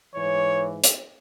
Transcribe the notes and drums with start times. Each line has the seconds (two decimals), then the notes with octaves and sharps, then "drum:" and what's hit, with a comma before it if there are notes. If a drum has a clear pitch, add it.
0.15 G#2 E3 C#5
0.84 drum: hi-hat